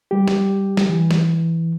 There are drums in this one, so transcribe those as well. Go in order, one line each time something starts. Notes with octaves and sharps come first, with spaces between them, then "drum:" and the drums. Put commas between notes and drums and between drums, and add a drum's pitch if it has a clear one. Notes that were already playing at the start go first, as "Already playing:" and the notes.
G3 G4
drum: snare
drum: snare
E3
drum: snare